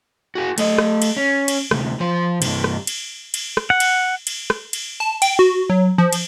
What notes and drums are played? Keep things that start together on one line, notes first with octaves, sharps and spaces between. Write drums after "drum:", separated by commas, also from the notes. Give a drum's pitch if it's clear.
F#4 G#4
A3 D#5, drum: cymbal
drum: rim click
drum: cymbal
C#4
drum: cymbal
D2 C3, drum: rim click
F3 C5
G2 C3, drum: cymbal
drum: rim click
drum: cymbal
drum: cymbal
drum: rim click
F#5
drum: cymbal
drum: cymbal
drum: rim click
drum: cymbal
A5
G5, drum: cymbal
F#4
F#3
F3
drum: cymbal